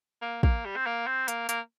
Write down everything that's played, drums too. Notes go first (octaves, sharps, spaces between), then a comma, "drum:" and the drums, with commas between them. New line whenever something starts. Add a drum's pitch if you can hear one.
A#3
A#3, drum: kick
G3
C4
A#3
C4
A#3, drum: hi-hat
A#3, drum: hi-hat